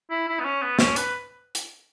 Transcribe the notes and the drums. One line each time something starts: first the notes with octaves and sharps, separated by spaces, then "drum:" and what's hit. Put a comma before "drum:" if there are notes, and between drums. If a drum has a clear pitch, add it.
E4
E4
B3
C#4
B3
C#4, drum: snare
B4, drum: hi-hat
drum: hi-hat